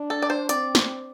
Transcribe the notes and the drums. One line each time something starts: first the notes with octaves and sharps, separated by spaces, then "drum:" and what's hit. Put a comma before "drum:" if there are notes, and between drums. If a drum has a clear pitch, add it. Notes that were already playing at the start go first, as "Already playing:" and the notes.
Already playing: D4
A4
D5
C5
C4 D5, drum: hi-hat
drum: snare